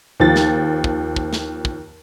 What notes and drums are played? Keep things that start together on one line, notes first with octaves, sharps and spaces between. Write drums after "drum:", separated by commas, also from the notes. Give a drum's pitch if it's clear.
D#2 F3 A6
drum: snare
drum: kick
drum: kick
drum: snare
drum: kick